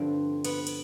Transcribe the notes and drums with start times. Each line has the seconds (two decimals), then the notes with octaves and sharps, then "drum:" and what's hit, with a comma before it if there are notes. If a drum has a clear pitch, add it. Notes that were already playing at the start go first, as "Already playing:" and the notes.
Already playing: G2 D3 F3 C4
0.45 B3, drum: cymbal
0.67 drum: cymbal